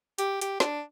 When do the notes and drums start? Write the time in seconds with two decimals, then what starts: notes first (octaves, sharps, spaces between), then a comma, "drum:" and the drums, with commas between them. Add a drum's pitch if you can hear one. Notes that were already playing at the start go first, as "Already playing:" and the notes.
0.18 G4, drum: hi-hat
0.41 G4, drum: hi-hat
0.60 D4, drum: snare